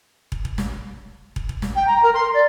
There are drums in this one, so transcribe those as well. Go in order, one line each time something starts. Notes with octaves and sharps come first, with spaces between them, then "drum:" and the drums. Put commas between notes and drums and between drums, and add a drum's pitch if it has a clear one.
drum: kick
drum: kick
drum: snare
drum: kick
drum: kick
drum: snare
G5
A#5
A#4
C6
D5